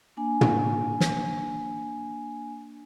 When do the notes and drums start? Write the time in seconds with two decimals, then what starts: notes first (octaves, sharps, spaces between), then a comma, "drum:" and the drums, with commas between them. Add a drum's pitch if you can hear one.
0.17 A#3 D4 G#5
0.41 drum: tom
1.00 drum: snare